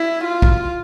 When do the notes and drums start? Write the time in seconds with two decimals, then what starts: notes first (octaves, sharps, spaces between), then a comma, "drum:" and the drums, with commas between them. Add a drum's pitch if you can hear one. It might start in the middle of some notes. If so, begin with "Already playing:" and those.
Already playing: E4
0.24 F4
0.42 drum: kick